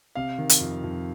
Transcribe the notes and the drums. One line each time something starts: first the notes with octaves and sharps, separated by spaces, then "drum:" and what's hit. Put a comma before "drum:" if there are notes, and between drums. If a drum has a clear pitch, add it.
C3 F5
D#3
drum: hi-hat
F2
F2